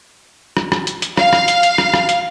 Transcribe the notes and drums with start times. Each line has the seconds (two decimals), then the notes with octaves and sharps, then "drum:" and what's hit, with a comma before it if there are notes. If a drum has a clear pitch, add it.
0.57 drum: rim click
0.72 drum: rim click
0.87 drum: hi-hat
1.02 drum: hi-hat
1.17 F5, drum: rim click
1.33 drum: rim click
1.48 drum: hi-hat
1.63 drum: hi-hat
1.78 drum: rim click
1.94 drum: rim click
2.09 drum: hi-hat